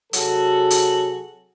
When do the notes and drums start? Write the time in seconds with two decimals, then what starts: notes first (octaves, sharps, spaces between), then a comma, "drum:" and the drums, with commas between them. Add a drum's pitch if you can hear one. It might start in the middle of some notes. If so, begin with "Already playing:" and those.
0.13 C3 F#3 F#4 G#4 A4, drum: hi-hat
0.70 drum: hi-hat